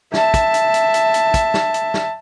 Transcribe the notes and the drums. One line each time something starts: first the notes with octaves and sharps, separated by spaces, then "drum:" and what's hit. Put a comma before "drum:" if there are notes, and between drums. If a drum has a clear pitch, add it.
E5 A5, drum: snare
drum: kick, hi-hat
drum: hi-hat
drum: hi-hat
drum: hi-hat
drum: hi-hat
drum: kick, hi-hat
drum: snare
drum: hi-hat
drum: snare